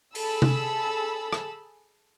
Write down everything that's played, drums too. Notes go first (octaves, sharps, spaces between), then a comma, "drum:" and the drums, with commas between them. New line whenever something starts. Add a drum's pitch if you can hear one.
G#4 A4 A5 B5 E6, drum: open hi-hat
drum: tom C3
drum: rim click